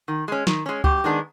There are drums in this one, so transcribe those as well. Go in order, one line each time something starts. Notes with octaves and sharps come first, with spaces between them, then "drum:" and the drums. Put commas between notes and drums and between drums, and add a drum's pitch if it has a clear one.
D#3
G#3 C#4
D#3, drum: snare
G#3 C#4
F#2 G4, drum: kick C#2
D#3 G#3 B3 D4